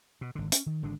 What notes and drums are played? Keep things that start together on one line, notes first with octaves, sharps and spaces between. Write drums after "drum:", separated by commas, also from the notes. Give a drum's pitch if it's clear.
B2
G#1 D3
C#4, drum: hi-hat
D#3
G#1 D3 G#3 D4